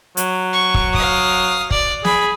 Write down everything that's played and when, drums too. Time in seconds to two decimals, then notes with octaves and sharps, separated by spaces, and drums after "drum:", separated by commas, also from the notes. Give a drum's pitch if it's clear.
0.17 F#3, drum: hi-hat
0.53 C#6
0.74 drum: kick
0.94 F5 D#6, drum: kick
1.71 D5, drum: kick
2.05 G#4 B5, drum: snare